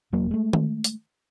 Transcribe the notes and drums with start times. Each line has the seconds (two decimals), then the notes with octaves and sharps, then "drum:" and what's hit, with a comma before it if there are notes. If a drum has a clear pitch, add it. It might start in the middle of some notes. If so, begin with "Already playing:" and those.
0.13 E1 F#3 A#3
0.31 G#3 A3
0.53 drum: tom D#3
0.84 drum: hi-hat